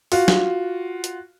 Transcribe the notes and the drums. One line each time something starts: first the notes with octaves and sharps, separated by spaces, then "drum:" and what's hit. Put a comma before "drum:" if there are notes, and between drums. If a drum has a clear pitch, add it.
F4 F#4, drum: open hi-hat
drum: snare
drum: hi-hat